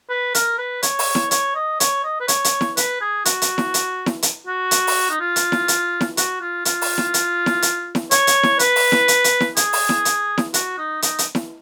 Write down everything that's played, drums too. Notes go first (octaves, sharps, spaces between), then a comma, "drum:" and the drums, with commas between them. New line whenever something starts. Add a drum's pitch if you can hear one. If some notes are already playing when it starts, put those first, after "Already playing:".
B4
A#4, drum: hi-hat
B4
C#5, drum: hi-hat
drum: open hi-hat
drum: snare E4
C#5, drum: hi-hat
D#5
C#5, drum: hi-hat
D#5
B4
C#5, drum: hi-hat
drum: hi-hat
drum: snare E4
B4, drum: hi-hat
G#4
F#4, drum: hi-hat
drum: hi-hat
drum: snare E4
drum: hi-hat
drum: snare E4
drum: hi-hat
F#4
drum: hi-hat
drum: open hi-hat
D#4
F4
drum: hi-hat
drum: snare E4
drum: hi-hat
drum: snare E4
F#4, drum: hi-hat
F4
F4, drum: hi-hat
drum: open hi-hat
drum: snare E4
drum: hi-hat
drum: snare E4
drum: hi-hat
drum: snare E4
C#5, drum: hi-hat
drum: hi-hat
drum: snare E4
B4, drum: hi-hat
drum: open hi-hat
drum: snare E4
drum: hi-hat
drum: hi-hat
drum: snare E4
G#4, drum: hi-hat
drum: open hi-hat
drum: snare E4
drum: hi-hat
drum: snare E4
F#4, drum: hi-hat
D#4
D#4, drum: hi-hat
drum: hi-hat
drum: snare E4